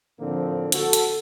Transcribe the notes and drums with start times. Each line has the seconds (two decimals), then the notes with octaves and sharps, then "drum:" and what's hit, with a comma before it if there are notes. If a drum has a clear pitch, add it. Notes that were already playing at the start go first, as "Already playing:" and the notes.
0.20 A2 D3 F3 A#3 C4
0.72 F#4 A4, drum: hi-hat
0.93 drum: hi-hat